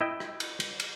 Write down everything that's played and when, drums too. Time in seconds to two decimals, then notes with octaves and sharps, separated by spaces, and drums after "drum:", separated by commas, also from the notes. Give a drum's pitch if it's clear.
0.01 E4 D#5 G5
0.20 drum: rim click
0.40 drum: cymbal
0.60 drum: cymbal
0.80 drum: cymbal